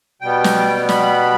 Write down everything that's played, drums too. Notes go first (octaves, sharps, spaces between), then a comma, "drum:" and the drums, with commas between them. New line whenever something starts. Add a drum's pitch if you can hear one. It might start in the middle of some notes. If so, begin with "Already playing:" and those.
B2 G3 B3 G5
drum: snare
B5, drum: snare